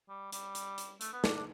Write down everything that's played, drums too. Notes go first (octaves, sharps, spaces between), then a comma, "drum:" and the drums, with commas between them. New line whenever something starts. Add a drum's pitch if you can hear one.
G3
G3, drum: hi-hat
drum: hi-hat
drum: hi-hat
A3, drum: hi-hat
B3
D4, drum: snare
D4